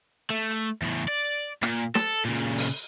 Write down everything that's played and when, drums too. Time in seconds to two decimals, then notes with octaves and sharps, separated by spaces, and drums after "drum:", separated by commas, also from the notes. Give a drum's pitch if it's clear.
0.30 A3
0.50 drum: hi-hat
0.82 E2 A2
1.08 D5
1.63 A#2, drum: rim click
1.95 A4, drum: snare
2.25 A#2 C#3
2.58 drum: open hi-hat